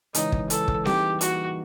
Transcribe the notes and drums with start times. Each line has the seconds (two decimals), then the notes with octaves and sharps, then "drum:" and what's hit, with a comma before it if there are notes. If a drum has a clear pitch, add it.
0.15 C#3 E3 G#3 C#4 D#4, drum: hi-hat
0.32 drum: kick
0.50 C#3 E3 G#3 C#4 A4, drum: hi-hat
0.68 drum: kick
0.85 E3 G3 A#3 D#4 G4 G#4, drum: snare C4
1.21 E3 G3 A#3 D#4 F#4 G#4, drum: hi-hat